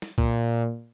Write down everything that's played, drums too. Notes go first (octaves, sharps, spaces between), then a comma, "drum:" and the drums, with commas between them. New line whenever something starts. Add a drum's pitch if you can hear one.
drum: snare
A#2, drum: kick C2